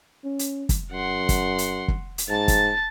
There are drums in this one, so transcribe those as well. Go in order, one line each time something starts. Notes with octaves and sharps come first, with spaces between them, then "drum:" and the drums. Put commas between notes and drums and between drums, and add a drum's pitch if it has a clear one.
C#4
drum: hi-hat
drum: kick, hi-hat
F#2 F#5 C6
drum: kick, hi-hat
drum: hi-hat
drum: kick
drum: hi-hat
G#2 A5 A6
drum: kick, hi-hat